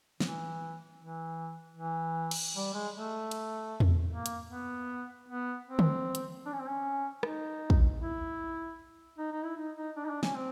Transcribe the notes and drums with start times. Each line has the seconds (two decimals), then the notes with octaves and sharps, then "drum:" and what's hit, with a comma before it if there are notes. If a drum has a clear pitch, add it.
0.20 E3, drum: snare
1.00 E3
1.77 E3
2.31 drum: cymbal
2.56 G3
2.74 G#3
2.94 A3
3.31 drum: cymbal
3.80 drum: tom E2
4.11 A#3
4.26 drum: hi-hat
4.50 B3
5.29 B3
5.67 C4
5.79 drum: tom D3
6.15 drum: hi-hat
6.46 D4
6.53 C#4
6.60 C4
6.68 C#4
7.23 D#4, drum: rim click
7.70 drum: kick
8.01 E4
9.18 D#4
9.32 D#4
9.44 E4
9.58 D#4
9.77 D#4
9.97 D4
10.05 D#4
10.10 D4
10.23 C#4, drum: snare
10.35 C4